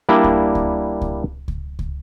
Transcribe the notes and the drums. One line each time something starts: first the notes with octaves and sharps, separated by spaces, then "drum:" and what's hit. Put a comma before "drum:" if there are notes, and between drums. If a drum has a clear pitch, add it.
G3 A#3 D4 E4
drum: kick C#2
drum: kick C#2
drum: kick C#2
drum: kick C#2
drum: kick C#2